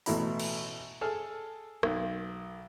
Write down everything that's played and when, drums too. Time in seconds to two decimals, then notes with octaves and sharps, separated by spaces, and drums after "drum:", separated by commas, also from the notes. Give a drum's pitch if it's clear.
0.06 A1 B2 A3 E4 A#5 B5, drum: open hi-hat
0.39 drum: cymbal
1.01 G#4 A4 F6
1.83 B1, drum: rim click